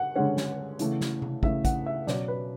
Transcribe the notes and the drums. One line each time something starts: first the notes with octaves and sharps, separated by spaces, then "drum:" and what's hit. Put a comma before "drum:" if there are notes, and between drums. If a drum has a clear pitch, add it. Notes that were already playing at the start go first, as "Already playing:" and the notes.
Already playing: F#5
D3 G#3 C#4 F#5
drum: snare
C#3 E3 A3, drum: hi-hat
drum: snare
drum: tom C3
C#3 E3 A3 E5, drum: kick
F#5, drum: kick, hi-hat
E5
B2 F#3 C#4 D5, drum: snare
B4